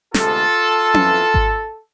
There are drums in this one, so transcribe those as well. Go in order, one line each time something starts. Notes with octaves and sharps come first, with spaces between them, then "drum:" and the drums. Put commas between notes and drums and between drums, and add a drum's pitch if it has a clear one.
D2 C3 G#3 B3 F4 A4, drum: snare
F2 E3 B3, drum: tom C#4
drum: kick G#1